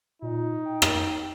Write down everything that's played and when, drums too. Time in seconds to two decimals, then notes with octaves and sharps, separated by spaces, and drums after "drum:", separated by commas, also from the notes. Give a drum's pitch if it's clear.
0.22 A#2 D#4
0.65 G5
0.82 drum: rim click